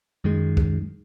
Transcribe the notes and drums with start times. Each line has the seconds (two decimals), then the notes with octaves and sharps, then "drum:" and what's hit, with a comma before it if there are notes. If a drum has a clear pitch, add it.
0.24 F#2 D#3 G#3
0.57 drum: kick